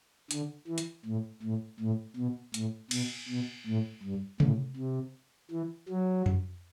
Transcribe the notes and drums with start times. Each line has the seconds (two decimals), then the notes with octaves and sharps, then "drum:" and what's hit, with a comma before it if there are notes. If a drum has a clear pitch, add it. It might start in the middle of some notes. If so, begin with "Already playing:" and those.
0.31 D3, drum: hi-hat
0.68 E3
0.78 drum: hi-hat
1.05 A2
1.42 A2
1.80 A2
2.17 B2
2.54 A2, drum: hi-hat
2.91 B2, drum: cymbal
3.29 B2
3.66 A2
4.03 G2
4.40 A2, drum: tom C3
4.77 C3
5.51 E3
5.89 F#3
6.26 drum: tom F2